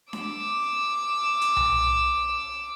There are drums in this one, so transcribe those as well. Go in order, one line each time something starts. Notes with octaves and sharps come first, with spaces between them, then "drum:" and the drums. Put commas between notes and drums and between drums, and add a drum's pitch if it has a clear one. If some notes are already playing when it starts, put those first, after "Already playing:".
D6 E6, drum: snare D4
drum: hi-hat
drum: tom B1